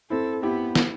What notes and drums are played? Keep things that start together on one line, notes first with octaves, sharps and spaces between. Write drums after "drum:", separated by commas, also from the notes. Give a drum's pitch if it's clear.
C4 E4 A4
B3 E4 G4
drum: snare